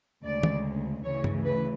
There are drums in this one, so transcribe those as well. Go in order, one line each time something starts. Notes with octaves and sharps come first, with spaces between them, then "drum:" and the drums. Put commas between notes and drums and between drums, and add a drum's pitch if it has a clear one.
D2 C#3 G#3 D5
drum: tom
D2 C#3 E3 C#5
drum: tom G2
B4